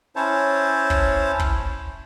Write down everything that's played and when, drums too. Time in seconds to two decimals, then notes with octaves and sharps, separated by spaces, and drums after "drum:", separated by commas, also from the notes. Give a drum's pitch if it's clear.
0.16 C#4 E4 C5 C#5 A5
0.90 drum: kick
1.39 drum: kick